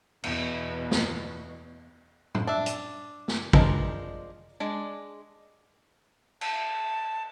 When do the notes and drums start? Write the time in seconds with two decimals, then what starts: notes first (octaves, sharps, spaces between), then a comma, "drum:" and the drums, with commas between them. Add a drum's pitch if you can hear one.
0.24 E2 B2, drum: cymbal
0.91 drum: snare
2.35 drum: tom A2
2.47 D4 E5
2.66 drum: hi-hat
3.28 drum: snare
3.53 F3 G#3 D4 A#4 D#5, drum: kick
4.60 G#3 D4
6.41 A5, drum: cymbal